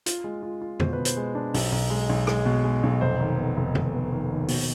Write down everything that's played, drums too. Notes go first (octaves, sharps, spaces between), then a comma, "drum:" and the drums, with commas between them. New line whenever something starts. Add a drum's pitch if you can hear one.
F4, drum: hi-hat
G#3
F4
F4
B2 C5, drum: tom F2
B4
B2
C5, drum: hi-hat
G#3
D4
B1, drum: open hi-hat
B1
G#3
B1
G#3, drum: rim click
B2
G#3
B1
F1 C5
D#3
B3
F1
F1, drum: tom F2
B3
D#3
D#2
B2, drum: open hi-hat